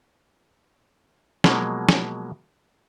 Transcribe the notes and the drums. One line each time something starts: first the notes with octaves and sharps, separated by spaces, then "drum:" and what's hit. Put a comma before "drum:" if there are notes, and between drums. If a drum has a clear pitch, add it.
B2 F3 F#3 G#3 A#3, drum: snare
drum: snare